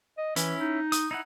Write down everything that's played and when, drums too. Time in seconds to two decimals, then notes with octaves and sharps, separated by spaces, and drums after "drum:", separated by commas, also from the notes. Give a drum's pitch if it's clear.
0.18 D#5
0.36 E3 C#4 E4, drum: hi-hat
0.60 D#4
0.92 D#6, drum: hi-hat
1.11 D#4 E4 F#5